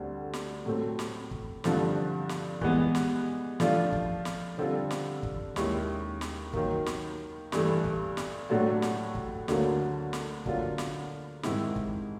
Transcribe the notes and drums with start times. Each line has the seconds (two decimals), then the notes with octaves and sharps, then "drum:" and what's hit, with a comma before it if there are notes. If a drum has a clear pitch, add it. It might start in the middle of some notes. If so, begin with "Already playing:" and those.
Already playing: D2 D3 G3 C4
0.33 drum: snare
0.66 A2 F#3 A3 C4
0.99 drum: snare
1.31 drum: kick
1.64 G2 D3 F3 A3 C4, drum: snare
2.29 drum: snare
2.61 E3 G#3 B3, drum: kick
2.95 drum: snare
3.60 F3 A3 D4 F4, drum: snare
3.93 drum: kick
4.25 drum: snare
4.58 D3 G3 C4 F4 A4
4.91 drum: snare
5.23 drum: kick
5.56 D#2 D#3 G#3 C#4 E4, drum: snare
6.21 drum: snare
6.54 D#3 F#3 A#3, drum: kick
6.86 drum: snare
7.52 G2 E3 A3, drum: snare
7.84 drum: kick
8.17 drum: snare
8.50 A2 F#3 A3 D4 F#4
8.82 drum: snare
9.15 drum: kick
9.48 D2 D3 F#3 A#3, drum: snare
10.13 drum: snare
10.46 D3 F#3 A#3 D4 F4, drum: kick
10.78 drum: snare
11.43 G#2 D#3 G#3 C4 E4, drum: snare
11.76 drum: kick